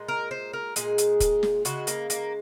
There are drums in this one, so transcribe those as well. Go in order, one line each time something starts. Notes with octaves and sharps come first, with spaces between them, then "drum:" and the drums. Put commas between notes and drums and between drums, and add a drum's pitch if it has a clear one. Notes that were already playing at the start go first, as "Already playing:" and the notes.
Already playing: A#2 G#3
A#4
C5
A#4
A#2 G#3 G#4, drum: hi-hat
drum: hi-hat
drum: kick, hi-hat
drum: snare
C#3 G#3 F#4, drum: hi-hat
A#3, drum: hi-hat
A#3, drum: hi-hat